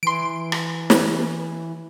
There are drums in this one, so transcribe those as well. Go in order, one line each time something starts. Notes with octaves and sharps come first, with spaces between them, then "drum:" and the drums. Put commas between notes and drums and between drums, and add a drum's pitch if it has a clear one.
E3 C6 D7
drum: rim click
drum: snare